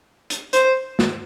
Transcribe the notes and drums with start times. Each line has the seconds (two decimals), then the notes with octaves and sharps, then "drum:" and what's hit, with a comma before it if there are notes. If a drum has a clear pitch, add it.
0.30 drum: hi-hat
0.53 C5, drum: hi-hat
0.99 drum: snare